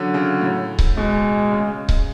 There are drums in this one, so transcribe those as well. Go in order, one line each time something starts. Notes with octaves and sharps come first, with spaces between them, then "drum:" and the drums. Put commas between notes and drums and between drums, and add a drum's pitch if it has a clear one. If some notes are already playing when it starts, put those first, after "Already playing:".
Already playing: D3 F#3 C#4
C#3
A2
drum: kick C#1
B2 G#3
C#3
drum: kick C#1